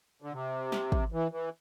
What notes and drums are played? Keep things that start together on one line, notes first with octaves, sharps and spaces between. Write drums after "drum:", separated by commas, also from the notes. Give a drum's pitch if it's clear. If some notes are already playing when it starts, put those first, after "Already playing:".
D3
C3
drum: snare
drum: kick
E3
E3